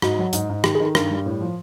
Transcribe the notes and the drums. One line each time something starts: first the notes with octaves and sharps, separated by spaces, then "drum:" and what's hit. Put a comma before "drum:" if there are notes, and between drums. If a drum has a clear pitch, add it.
G#2 F#4, drum: rim click
F#3
G#2, drum: hi-hat
G#2
D#3 G4, drum: rim click
G#4
D#3 A4
G2 A#4, drum: rim click
G3
A2
F3